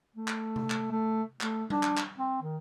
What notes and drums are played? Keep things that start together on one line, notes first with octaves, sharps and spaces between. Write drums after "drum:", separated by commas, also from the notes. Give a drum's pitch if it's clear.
A3
drum: clap
drum: tom C3
drum: clap
A3
A3, drum: clap
D4, drum: tom G3
drum: clap
drum: clap
C4
D#3